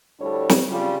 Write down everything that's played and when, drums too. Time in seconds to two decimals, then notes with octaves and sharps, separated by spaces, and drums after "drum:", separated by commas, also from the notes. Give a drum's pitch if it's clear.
0.20 D2 G3 D4 E4 A4 C#5
0.49 drum: snare
0.69 C#3 G3 F4